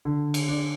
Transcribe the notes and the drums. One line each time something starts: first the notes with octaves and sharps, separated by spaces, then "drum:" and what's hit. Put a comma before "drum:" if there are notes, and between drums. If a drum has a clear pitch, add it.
D3
drum: cymbal
D4